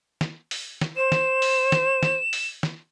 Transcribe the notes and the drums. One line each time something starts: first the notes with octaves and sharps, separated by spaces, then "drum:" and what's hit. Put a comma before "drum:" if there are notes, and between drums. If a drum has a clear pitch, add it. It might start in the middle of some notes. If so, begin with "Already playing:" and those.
drum: snare
drum: open hi-hat
drum: snare
C5 E7
drum: snare
drum: open hi-hat
drum: snare
drum: snare
drum: open hi-hat
drum: snare